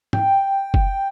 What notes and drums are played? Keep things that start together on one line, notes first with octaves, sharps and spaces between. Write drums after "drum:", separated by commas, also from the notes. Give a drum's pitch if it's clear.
G5, drum: tom
drum: kick